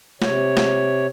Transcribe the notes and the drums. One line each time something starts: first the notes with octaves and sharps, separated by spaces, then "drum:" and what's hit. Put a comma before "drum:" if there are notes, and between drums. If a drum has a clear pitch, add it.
C3 C#5, drum: snare
drum: snare